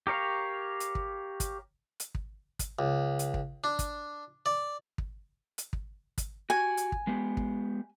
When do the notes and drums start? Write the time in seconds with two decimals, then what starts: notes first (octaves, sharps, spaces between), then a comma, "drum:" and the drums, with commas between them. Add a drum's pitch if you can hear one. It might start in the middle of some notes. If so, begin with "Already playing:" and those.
0.07 G4 A#4 C#5 F5
0.80 drum: hi-hat
0.95 drum: kick
1.40 drum: kick, hi-hat
2.00 drum: hi-hat
2.15 drum: kick
2.59 drum: kick, hi-hat
2.79 C#2
3.19 drum: hi-hat
3.34 drum: kick
3.64 D4
3.79 drum: kick, hi-hat
4.46 D5
4.98 drum: kick
5.58 drum: hi-hat
5.73 drum: kick
6.18 drum: kick, hi-hat
6.50 F#4 G4 G#5
6.77 drum: hi-hat
6.92 drum: kick
7.07 G#3 B3 G4
7.37 drum: kick